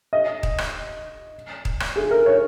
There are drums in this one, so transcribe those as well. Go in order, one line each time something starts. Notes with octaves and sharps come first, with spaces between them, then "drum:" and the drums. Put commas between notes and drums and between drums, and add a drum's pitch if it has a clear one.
D#5
drum: kick D#1
drum: rim click
drum: kick D#1
drum: rim click
G#4
A#4
C#5